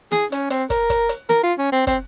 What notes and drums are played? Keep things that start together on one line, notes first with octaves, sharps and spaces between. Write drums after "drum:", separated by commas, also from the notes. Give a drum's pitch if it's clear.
G#4, drum: snare
C#4, drum: hi-hat
C4, drum: hi-hat
A#4, drum: kick, hi-hat
drum: kick, hi-hat
drum: hi-hat
A#4, drum: snare
F4
C#4
C4
C4, drum: kick, hi-hat